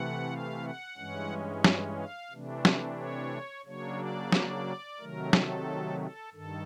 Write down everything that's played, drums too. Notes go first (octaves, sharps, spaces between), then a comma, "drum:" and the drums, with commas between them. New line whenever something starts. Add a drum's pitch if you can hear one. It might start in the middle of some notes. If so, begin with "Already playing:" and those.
Already playing: C3 E3 A3 F#5
F5
F#5
G2 E3 G#3 C#4
drum: snare
F5
C3 E3 A3 D4
drum: snare
C#5
C#3 F#3 A#3 D4 C#5
D5
drum: snare
C3 D#3 F#3 A3 A#4
A4, drum: snare
A4
G2 D#3 A4